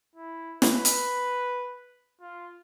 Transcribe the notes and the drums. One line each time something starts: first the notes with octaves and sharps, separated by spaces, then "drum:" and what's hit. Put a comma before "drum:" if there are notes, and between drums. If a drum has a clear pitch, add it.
E4
B4, drum: snare
drum: hi-hat
F4